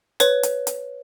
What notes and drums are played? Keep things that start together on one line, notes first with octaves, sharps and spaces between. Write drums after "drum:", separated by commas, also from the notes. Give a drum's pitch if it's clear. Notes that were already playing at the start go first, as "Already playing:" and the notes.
B4 C#5, drum: hi-hat
drum: hi-hat
drum: hi-hat